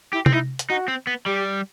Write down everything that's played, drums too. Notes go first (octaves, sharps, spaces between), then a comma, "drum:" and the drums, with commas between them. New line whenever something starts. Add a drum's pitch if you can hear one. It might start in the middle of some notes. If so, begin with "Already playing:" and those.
E4 G4
C4, drum: tom
D#4 E4
drum: hi-hat
D#4 F#4
C4
B3
G3 G4